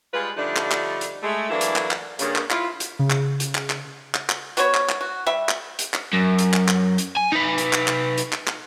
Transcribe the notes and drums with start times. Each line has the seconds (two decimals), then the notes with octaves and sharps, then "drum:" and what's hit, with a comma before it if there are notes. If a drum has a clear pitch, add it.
0.13 G3 G#3 F4 G#4 B4
0.36 D3 F3 G3 A3 D4 D#4
0.56 drum: clap
0.71 drum: clap
1.01 drum: hi-hat
1.23 G#3 A3
1.49 E3 F#3 A3 A#3 D4 E4
1.61 drum: hi-hat
1.76 drum: clap
1.91 drum: clap
2.19 G2 C#3 A#3, drum: hi-hat
2.36 drum: clap
2.50 E4 F4, drum: clap
2.80 drum: hi-hat
2.99 C#3
3.10 drum: clap
3.40 drum: hi-hat
3.55 drum: clap
3.70 drum: clap
4.15 drum: clap
4.30 drum: clap
4.57 B3 F#4 C5 C#5, drum: hi-hat
4.74 drum: clap
4.89 drum: clap
5.01 F#4
5.26 G3 E5
5.49 drum: clap
5.79 drum: hi-hat
5.94 drum: clap
6.13 F#2
6.38 drum: hi-hat
6.53 drum: clap
6.68 drum: clap
6.98 drum: hi-hat
7.16 G#5
7.32 D#4 B4
7.58 drum: hi-hat
7.73 drum: clap
7.88 drum: clap
8.18 drum: hi-hat
8.33 drum: clap
8.47 drum: clap